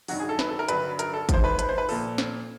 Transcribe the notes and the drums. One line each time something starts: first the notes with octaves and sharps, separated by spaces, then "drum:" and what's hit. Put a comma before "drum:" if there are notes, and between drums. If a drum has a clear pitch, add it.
G2 D#3 F#3 F#4, drum: open hi-hat
G#4
A4
B4, drum: snare
A4
A#4
G2 D3 F#3 B4, drum: hi-hat
A#4, drum: hi-hat
A4
G#2 F3 C5, drum: kick, hi-hat
B4
B4, drum: hi-hat
C5
B4
A#2 F3 A4, drum: open hi-hat
drum: snare